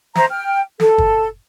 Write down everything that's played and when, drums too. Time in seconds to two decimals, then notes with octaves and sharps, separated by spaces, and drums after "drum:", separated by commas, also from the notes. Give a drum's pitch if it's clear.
0.15 C5 E5 A#5, drum: snare
0.30 G5 F6
0.80 A4, drum: snare
0.98 drum: kick